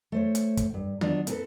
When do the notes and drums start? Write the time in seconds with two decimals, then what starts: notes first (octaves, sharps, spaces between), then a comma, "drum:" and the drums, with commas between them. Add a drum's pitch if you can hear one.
0.12 A3 C5 C#5
0.35 drum: hi-hat
0.57 drum: kick, hi-hat
0.74 G2
1.01 F#3 B3 D4 D#4 F4, drum: tom D#3
1.27 A#3 C4 F4 G#4 A4 B4, drum: hi-hat